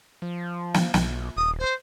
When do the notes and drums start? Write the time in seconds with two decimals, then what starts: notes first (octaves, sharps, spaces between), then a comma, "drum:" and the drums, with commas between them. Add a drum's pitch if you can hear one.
0.22 F3
0.74 drum: snare
0.94 B1, drum: snare
1.37 D#1 D#6
1.59 C5